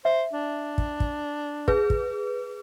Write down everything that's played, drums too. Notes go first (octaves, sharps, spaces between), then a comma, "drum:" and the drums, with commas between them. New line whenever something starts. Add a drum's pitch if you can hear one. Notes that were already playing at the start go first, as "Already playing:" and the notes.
C5 E5
D4
drum: kick
drum: kick
G#4 B4, drum: kick
drum: kick